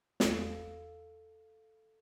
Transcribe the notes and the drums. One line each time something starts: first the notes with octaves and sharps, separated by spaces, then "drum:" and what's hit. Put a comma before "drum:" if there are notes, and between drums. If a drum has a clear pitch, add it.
E2 A4 F5 D7 E7, drum: snare